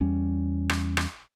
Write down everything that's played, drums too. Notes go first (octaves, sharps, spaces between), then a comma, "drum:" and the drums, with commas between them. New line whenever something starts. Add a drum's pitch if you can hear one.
E2 G3 C#4
drum: rim click
drum: rim click